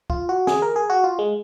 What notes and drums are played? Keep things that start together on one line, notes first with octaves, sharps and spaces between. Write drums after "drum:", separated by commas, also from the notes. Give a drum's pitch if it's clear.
F4, drum: kick
F#4
G#4, drum: snare
A#4
G#4
F#4
F4
G#3